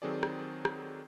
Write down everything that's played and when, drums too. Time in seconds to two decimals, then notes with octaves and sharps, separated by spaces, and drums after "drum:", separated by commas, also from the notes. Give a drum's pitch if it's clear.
0.02 D#3 F#3 C4 G#4 A4 D5
0.23 drum: rim click
0.65 drum: rim click